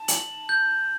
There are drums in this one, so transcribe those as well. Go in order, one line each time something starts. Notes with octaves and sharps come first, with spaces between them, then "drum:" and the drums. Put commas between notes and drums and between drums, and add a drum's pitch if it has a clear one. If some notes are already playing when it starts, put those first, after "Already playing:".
Already playing: A5
F#7, drum: hi-hat
G6